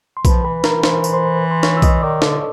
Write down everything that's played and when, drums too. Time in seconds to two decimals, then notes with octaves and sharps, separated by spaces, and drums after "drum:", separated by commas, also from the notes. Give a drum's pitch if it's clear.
0.17 C6
0.25 F3 B4 B5, drum: kick B1, tambourine
0.45 E3 B4 B5
0.64 E3 A#4 A#5, drum: snare
0.84 E3 C5 C6, drum: snare
1.04 drum: tambourine
1.13 C5 C6
1.51 C6
1.63 C#5 C#6, drum: snare
1.77 E6
1.82 D#5 D#6, drum: kick B1, tambourine
2.03 D#3 D5 D6
2.22 D3 A4 A5, drum: snare